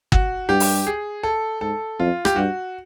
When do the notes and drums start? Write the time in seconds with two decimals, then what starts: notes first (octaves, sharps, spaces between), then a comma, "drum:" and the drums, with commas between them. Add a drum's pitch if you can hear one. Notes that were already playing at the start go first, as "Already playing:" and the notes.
0.12 F#4, drum: kick
0.49 G2 G4
0.60 drum: open hi-hat
0.87 G#4
1.23 A4
1.61 G#2 A4
1.99 F2 F4
2.25 G4, drum: rim click
2.36 G2 F#4